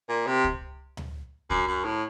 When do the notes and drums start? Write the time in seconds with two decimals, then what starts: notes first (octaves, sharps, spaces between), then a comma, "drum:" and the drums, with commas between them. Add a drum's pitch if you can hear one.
0.09 A#2
0.27 C3
0.44 drum: kick
0.97 drum: tom D2
1.50 F#2, drum: kick
1.68 F#2
1.85 A2